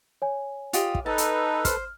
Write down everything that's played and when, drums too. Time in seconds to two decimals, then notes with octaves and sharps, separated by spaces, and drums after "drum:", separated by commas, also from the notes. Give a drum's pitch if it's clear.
0.22 C#5 G#5
0.73 F4 G4 D#5, drum: hi-hat
0.95 drum: kick
1.06 D#4 A4 B4 A5
1.18 drum: hi-hat
1.65 C5 F6, drum: kick, hi-hat